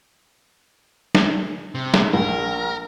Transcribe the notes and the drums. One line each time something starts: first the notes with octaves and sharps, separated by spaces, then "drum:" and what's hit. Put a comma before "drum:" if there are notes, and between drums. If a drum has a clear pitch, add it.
drum: snare
C3
drum: snare
A#1 A#4